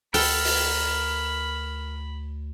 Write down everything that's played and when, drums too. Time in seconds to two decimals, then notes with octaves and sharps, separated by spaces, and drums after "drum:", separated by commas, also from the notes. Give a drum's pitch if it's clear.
0.14 D2 A4 A#4 F#5 G5 B5, drum: open hi-hat
0.44 drum: open hi-hat